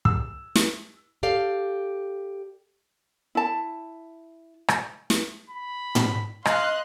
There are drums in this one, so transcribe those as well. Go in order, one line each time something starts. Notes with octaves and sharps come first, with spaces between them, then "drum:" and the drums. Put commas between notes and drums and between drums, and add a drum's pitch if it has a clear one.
E6, drum: kick
drum: snare
G4 A4 D5 F5
E4 A5
drum: rim click
drum: snare
B5
drum: tom
D#5 F5 C6 F#6, drum: rim click